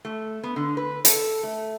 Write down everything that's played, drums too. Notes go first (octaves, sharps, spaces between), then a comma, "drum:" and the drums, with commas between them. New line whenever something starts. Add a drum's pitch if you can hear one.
A3
B3
D3
B4
A4, drum: hi-hat
A3